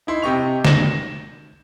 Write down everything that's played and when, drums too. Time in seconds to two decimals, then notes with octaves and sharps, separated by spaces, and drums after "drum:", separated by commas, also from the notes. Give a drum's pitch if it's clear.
0.07 D#4 E4 C6
0.22 C3 G4 D#5 C#6 F7
0.65 A#6 E7, drum: snare